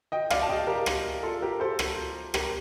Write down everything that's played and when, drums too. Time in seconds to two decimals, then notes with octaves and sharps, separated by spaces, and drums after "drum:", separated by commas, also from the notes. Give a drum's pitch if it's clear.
0.12 D#5 G5
0.30 D5 F5, drum: rim click
0.42 A5
0.49 D#5 G5
0.67 G4 A#4
0.86 drum: rim click
1.23 F4 A4
1.42 G4 A#4
1.60 A4 C5
1.79 drum: rim click
2.34 G4 A#4, drum: rim click